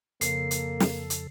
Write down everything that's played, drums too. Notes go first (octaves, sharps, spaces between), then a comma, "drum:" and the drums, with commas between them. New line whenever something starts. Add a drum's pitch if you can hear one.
F2 C#3 A#3 A4 C7, drum: hi-hat
drum: hi-hat
drum: snare
drum: hi-hat